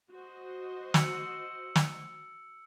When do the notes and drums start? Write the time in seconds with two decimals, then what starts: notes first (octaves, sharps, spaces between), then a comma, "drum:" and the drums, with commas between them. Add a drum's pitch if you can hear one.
0.11 F#4 C5 D#5
0.94 E6 C#7 F#7, drum: snare
1.76 drum: snare